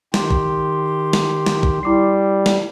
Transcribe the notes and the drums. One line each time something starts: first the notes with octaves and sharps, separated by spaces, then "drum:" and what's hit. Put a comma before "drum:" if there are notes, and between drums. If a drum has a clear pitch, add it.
D#3 G4 C6, drum: snare
drum: kick
drum: snare
drum: snare
drum: kick
G3 E4 D6 C7
drum: snare